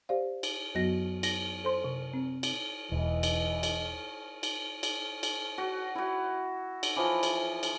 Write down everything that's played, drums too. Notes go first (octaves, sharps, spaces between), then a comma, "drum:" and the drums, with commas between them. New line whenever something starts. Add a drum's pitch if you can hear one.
G4 C5 D5 F5
drum: cymbal
F#2 F#3 B3 F#4 A#6
A#6, drum: cymbal
A4 C5 C6
C3
C4
drum: cymbal
E1 E3 D#5
drum: cymbal
drum: cymbal
drum: cymbal
drum: cymbal
drum: cymbal
F#4
E4 F#4
drum: cymbal
E3 F3
drum: cymbal
drum: cymbal